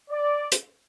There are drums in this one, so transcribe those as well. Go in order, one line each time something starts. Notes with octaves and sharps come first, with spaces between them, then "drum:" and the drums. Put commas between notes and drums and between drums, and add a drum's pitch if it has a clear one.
D5
drum: hi-hat